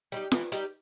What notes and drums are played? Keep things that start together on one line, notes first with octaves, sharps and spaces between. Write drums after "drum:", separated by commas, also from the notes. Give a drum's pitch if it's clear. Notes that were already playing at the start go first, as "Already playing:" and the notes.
G3 D#4 G4
E3, drum: snare F4
G3 D#4 G4, drum: hi-hat